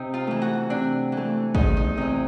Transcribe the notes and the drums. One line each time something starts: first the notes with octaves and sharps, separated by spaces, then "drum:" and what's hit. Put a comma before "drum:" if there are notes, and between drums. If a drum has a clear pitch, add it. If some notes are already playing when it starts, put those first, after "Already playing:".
Already playing: C3 D#4
F4
E3 A3
F#4
C3 D4
E3
A3
E2 D#4, drum: kick
D#4
C3 E3 D#4